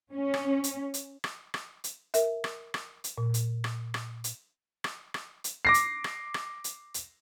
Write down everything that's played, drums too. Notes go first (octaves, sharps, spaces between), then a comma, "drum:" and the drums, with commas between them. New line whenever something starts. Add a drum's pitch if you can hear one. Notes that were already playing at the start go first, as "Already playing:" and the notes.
C#4
drum: rim click
drum: hi-hat
drum: hi-hat
drum: rim click
drum: rim click
drum: hi-hat
A#4 E5, drum: hi-hat
drum: rim click
drum: rim click
drum: hi-hat
A#2
drum: hi-hat
drum: rim click
drum: rim click
drum: hi-hat
drum: rim click
drum: rim click
drum: hi-hat
D6 A#6 C7
drum: hi-hat
drum: rim click
drum: rim click
drum: hi-hat
drum: hi-hat